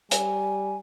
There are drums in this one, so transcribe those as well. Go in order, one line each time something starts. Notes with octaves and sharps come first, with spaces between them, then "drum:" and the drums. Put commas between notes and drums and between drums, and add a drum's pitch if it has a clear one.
G3 G#5, drum: hi-hat